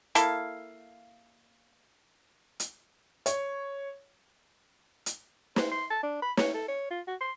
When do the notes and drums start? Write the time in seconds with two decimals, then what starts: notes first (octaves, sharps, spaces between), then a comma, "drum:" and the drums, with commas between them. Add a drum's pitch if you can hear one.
0.15 A#3 E4 A4 F5, drum: hi-hat
2.60 drum: hi-hat
3.26 C#5, drum: hi-hat
5.06 drum: hi-hat
5.56 C5, drum: snare
5.71 C6
5.90 A5
6.03 D4
6.22 B5
6.37 C#5, drum: snare
6.54 A4
6.68 C#5
6.90 F4
7.07 F#4
7.21 C6